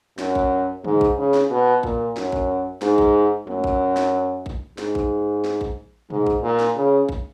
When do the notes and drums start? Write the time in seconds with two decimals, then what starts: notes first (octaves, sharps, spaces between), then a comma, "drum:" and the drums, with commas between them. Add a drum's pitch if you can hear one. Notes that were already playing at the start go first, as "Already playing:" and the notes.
0.18 F#2, drum: snare
0.35 drum: kick A#1
0.84 G#2, drum: tom C#3
1.01 drum: kick A#1
1.17 C#3
1.34 drum: snare
1.50 B2
1.83 A#2, drum: kick A#1
2.16 F#2, drum: snare
2.32 drum: kick A#1
2.82 G#2, drum: snare
2.98 drum: kick A#1
3.47 F#2, drum: tom G#3
3.64 drum: kick A#1
3.97 drum: snare
4.46 drum: kick A#1
4.78 G#2, drum: snare
4.95 drum: kick A#1
5.44 drum: snare
5.61 drum: kick A#1
6.10 G#2, drum: tom A#2
6.27 drum: kick A#1
6.43 A#2
6.59 drum: snare
6.76 C#3
7.09 drum: kick A#1